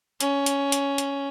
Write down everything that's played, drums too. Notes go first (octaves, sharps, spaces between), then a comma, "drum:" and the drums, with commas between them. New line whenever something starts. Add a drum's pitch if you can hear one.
C#4, drum: hi-hat
drum: hi-hat
drum: hi-hat
drum: hi-hat